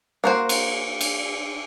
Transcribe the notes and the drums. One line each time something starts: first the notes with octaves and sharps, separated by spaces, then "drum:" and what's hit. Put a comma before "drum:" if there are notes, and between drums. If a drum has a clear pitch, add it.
A#3 F#4 C5
drum: cymbal
drum: cymbal